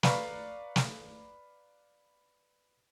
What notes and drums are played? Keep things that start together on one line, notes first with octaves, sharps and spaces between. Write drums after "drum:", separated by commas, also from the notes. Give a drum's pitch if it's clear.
B4 D5 F5 A#5 B5 C#6, drum: snare
drum: snare